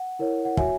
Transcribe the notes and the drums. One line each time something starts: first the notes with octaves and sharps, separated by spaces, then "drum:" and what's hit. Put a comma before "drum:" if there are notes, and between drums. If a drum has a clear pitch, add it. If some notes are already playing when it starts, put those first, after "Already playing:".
Already playing: F#5
E4 A#4 C#5
F#5
F#4 C#5 E5 G#5, drum: kick